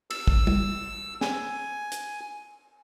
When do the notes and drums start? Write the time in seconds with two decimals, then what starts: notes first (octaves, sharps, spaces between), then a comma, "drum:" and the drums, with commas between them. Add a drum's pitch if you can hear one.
0.11 E6, drum: cymbal
0.28 drum: kick
0.47 drum: tom
1.21 G#5, drum: snare
1.92 drum: hi-hat